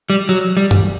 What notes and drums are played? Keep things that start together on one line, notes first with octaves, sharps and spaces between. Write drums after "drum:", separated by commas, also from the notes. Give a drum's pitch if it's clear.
G3
F#3
G3
drum: tom G2